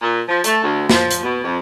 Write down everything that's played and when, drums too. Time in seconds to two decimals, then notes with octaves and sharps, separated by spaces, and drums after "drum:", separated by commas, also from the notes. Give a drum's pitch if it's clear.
0.02 A#2
0.29 F3
0.44 A3, drum: hi-hat
0.63 D2
0.90 F3, drum: snare
1.11 drum: hi-hat
1.23 B2
1.44 F2